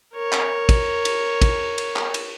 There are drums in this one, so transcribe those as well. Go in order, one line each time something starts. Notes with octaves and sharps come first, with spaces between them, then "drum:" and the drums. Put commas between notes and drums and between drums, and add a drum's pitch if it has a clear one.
A#4 C#5
drum: clap
drum: kick, cymbal
drum: cymbal
drum: kick, cymbal
drum: cymbal
drum: clap
drum: cymbal